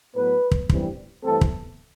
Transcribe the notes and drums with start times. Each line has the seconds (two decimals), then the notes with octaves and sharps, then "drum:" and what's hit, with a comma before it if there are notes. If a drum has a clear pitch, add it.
0.15 A2 F#3 B3 B4
0.51 drum: kick
0.69 A1 G2 E3 G3 C4, drum: kick
1.23 G2 E3 A3 C4 A4
1.41 drum: kick